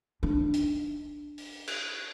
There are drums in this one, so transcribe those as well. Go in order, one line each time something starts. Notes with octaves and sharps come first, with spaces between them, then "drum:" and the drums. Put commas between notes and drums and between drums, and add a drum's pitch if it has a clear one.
D4 D#4
drum: hi-hat
drum: open hi-hat
drum: cymbal